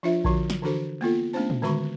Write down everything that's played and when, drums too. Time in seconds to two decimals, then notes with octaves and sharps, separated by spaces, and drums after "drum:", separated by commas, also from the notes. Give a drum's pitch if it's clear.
0.03 F3 D4 F4 C5 E5
0.25 D3 F3 F#4, drum: kick A#1
0.50 drum: snare
0.62 D3 E3 D4 F#4 A4 C5
1.01 A#3 B3 F4 A4
1.33 A3 B3 C#4 D4 C5 A5
1.50 drum: tom
1.62 D3 D#3 G#3 F#4 B5 C#6